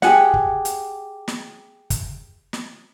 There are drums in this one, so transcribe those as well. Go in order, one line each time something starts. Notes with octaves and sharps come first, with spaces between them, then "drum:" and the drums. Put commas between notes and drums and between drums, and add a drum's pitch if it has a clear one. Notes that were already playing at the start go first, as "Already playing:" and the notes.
G4 G#4 F#5, drum: snare
drum: kick
drum: hi-hat
drum: snare
drum: kick, hi-hat
drum: snare